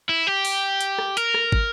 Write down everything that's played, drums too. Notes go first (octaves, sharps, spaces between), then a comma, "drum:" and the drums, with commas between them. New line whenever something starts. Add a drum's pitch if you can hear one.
E4
G4
drum: open hi-hat
drum: hi-hat
drum: rim click
A#4, drum: hi-hat
drum: rim click
drum: kick